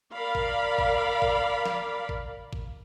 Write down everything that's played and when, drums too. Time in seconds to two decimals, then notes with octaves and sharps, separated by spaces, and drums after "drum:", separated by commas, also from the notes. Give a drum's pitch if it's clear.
0.13 A#4 D5 F5 B5
0.35 drum: kick
0.78 drum: kick
1.22 drum: kick
1.65 drum: snare
2.09 drum: kick
2.53 drum: kick